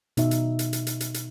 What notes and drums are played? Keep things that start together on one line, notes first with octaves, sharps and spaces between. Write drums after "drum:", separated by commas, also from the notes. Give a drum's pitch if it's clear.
B2 D#4 E5, drum: hi-hat
drum: hi-hat
drum: hi-hat
drum: hi-hat
drum: hi-hat
drum: hi-hat
drum: hi-hat